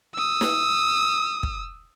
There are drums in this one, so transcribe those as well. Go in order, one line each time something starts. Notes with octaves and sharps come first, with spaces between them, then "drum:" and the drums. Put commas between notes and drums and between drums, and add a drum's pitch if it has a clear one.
D#6 E6
drum: snare
drum: kick